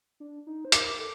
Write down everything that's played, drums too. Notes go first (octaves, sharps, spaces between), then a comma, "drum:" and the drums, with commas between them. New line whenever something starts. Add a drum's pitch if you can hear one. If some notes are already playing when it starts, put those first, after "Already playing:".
D4
D#4
C5
A#4 D6, drum: hi-hat
A4